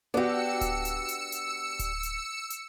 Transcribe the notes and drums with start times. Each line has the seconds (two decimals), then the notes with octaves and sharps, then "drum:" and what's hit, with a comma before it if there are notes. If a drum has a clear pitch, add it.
0.14 B3 D4 F#4 G4 E6 C#7
0.61 drum: kick D1, hi-hat
0.85 drum: hi-hat
1.09 drum: hi-hat
1.32 drum: hi-hat
1.79 drum: kick D1, hi-hat
2.03 drum: hi-hat
2.50 drum: hi-hat